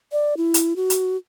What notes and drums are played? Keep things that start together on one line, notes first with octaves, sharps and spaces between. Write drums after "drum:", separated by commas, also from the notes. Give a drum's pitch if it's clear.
D5
E4
drum: hi-hat
F#4
drum: hi-hat